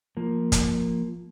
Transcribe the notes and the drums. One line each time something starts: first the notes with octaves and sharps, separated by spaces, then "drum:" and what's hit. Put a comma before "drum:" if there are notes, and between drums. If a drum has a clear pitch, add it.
F3 A#3
drum: kick, hi-hat